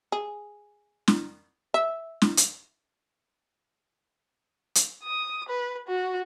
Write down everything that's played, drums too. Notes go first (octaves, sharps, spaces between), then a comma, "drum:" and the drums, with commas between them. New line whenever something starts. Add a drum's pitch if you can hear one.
G#4
drum: snare
E5
drum: snare
drum: hi-hat
drum: hi-hat
D#6
B4
F#4